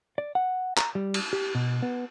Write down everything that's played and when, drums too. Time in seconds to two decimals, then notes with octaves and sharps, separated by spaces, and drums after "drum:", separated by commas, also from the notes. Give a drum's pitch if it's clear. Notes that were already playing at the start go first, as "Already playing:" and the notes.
0.18 D5
0.35 F#5
0.77 A#5, drum: clap
0.95 G3
1.14 drum: cymbal
1.33 G4
1.55 B2
1.82 B3